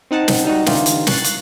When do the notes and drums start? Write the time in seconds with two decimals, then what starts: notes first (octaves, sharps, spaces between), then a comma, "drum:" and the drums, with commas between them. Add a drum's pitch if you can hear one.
0.11 C4 D#4 F#5 A5
0.28 drum: snare
0.45 G3 D#4 F#4
0.66 D3 E3 D#4 F4 G4, drum: snare
0.86 drum: hi-hat
1.07 C#6 F#6 A6 C7, drum: snare
1.24 drum: hi-hat